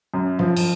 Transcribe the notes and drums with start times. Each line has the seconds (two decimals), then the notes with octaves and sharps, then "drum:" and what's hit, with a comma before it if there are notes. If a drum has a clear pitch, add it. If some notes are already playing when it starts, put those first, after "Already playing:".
0.14 F#2
0.39 F3, drum: tom G2
0.56 drum: cymbal